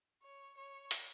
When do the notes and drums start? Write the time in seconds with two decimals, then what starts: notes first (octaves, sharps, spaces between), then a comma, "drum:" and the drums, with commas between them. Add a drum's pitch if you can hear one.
0.23 C#5
0.57 C#5
0.91 drum: hi-hat